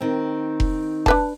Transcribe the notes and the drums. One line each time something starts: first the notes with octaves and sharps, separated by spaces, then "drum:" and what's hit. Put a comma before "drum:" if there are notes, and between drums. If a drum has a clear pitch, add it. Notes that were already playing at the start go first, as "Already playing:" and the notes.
D#3 C4
drum: kick F1
D4 B4 A5, drum: kick F1